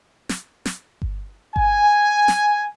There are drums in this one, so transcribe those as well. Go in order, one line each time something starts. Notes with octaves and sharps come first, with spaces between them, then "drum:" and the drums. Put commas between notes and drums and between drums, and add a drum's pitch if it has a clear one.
drum: snare
drum: snare
drum: kick G1
G#5, drum: kick G1
drum: snare